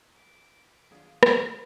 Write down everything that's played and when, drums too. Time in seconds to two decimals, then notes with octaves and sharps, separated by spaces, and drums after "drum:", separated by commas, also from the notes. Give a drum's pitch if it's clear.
0.10 B4 D6
0.91 D#3 F#3 B3 D4 F4 G#4 F5
1.23 drum: rim click